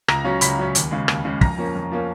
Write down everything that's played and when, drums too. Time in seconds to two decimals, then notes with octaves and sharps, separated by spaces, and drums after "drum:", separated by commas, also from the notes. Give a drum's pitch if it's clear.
0.08 C#2 A#5 A#6, drum: rim click
0.24 C#3 F#3 C#4
0.41 C#2 B5 B6, drum: hi-hat
0.59 C#3 F#3 C#4
0.75 D#2, drum: hi-hat
0.91 C#3 G#3
1.08 D#2, drum: rim click
1.25 C#3 G#3
1.41 F2 A#5 A#6, drum: kick
1.58 F3 A#3 C#4
1.75 F2
1.92 F3 A#3 C#4